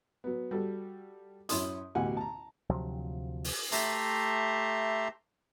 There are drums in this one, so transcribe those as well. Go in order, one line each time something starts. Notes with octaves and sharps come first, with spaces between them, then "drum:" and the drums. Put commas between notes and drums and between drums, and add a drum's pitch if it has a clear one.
F#3 B3
G3 F#4 A4
F#2 C#4 E4 C6 D#6, drum: hi-hat
A1 D2 B2 G4 F#5 G#5
A5 A#5
D2 C3 F3 F#3
drum: open hi-hat
A3 G4 E5 A5 A#5 C6, drum: hi-hat